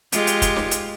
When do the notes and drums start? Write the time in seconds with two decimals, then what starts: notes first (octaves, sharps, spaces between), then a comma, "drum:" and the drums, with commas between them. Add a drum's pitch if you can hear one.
0.12 G#3 F4 G4, drum: hi-hat
0.27 drum: hi-hat
0.42 drum: kick, hi-hat
0.56 drum: snare
0.71 drum: hi-hat